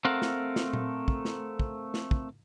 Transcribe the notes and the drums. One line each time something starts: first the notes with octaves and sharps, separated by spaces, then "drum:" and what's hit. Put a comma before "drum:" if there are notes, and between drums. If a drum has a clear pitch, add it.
A3 C4 A4 A#4 F5 F#5
drum: snare
drum: snare
drum: tom A#2
drum: kick
drum: snare
drum: kick
drum: snare
drum: kick